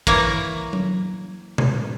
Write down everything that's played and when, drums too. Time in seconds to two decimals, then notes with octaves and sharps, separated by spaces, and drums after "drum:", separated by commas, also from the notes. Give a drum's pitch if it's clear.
0.07 E3 A#3 A#4 C#5, drum: kick
0.73 drum: tom F#3
1.58 drum: tom B2